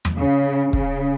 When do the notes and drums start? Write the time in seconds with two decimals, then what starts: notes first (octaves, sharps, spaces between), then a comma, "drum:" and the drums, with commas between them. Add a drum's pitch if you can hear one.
0.05 drum: tom E2
0.17 C#3
0.73 C#3, drum: kick